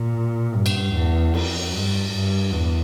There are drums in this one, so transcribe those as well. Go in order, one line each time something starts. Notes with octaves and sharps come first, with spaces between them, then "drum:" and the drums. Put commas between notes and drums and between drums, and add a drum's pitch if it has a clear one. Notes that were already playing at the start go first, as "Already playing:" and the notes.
Already playing: A#2
G2
drum: cymbal
E2
F2, drum: cymbal
G2
G2
E2